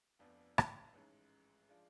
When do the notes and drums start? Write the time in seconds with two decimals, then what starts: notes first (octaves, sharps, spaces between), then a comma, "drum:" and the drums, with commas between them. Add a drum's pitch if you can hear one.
0.19 F1 F2 F3 B3 D4
0.58 drum: rim click
0.94 A1 G#2 G#3 C#4
1.69 F3 G#3 D4 F4